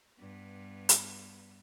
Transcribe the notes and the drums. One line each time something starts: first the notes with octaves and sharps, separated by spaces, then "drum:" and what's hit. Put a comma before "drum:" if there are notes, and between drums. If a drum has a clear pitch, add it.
G2 B3
drum: hi-hat